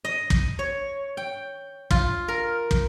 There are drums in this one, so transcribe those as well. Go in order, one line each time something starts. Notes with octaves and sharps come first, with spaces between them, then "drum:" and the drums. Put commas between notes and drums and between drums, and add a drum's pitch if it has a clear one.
D#5
drum: kick
C#5
G5
F4, drum: kick
A#4
drum: kick